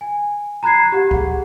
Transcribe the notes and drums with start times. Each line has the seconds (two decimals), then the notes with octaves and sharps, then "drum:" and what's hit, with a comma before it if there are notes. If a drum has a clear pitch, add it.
0.01 G#5
0.63 A#5 B5 F#6 G#6 C7
0.92 G4 F#5
1.11 G#4 F#5, drum: kick C#2